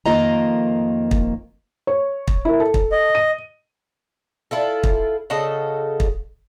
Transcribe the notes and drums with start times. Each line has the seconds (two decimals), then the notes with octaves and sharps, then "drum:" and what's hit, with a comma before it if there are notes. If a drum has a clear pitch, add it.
0.06 F2 D#3 A#3 F4 D#5 A#5
1.11 drum: kick
1.87 C#5
2.28 drum: kick
2.45 E4 A#4
2.60 A4
2.74 drum: kick
2.92 D#5
3.15 D#7
4.51 E4 F4 A4
4.84 drum: kick
5.30 C#3 F#4 A4 D#5
6.00 drum: kick